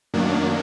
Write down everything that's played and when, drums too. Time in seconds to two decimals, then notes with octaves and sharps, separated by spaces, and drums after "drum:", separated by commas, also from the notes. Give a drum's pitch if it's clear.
0.14 F#2 D#3 F#3 A#3 D4, drum: tom A3